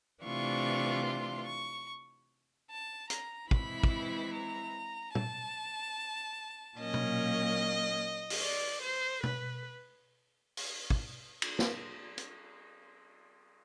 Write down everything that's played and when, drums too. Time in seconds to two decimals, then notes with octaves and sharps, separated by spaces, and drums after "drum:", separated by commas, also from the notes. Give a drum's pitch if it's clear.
0.24 C3 E3 A3 D4 F4 C#6
1.05 C6
1.47 C#6
2.70 A5
3.10 A#5, drum: hi-hat
3.51 E3 G#3 C4 E4 B5, drum: kick
3.83 drum: kick
4.33 A#5
5.15 A5, drum: tom
6.78 A#2 F#3 A#3 C#4 D#5
6.94 drum: tom B2
8.30 drum: open hi-hat
8.42 D5
8.82 C5
9.23 B4, drum: tom B2
10.57 drum: open hi-hat
10.90 drum: kick
11.42 drum: cymbal
11.59 drum: snare
12.18 drum: hi-hat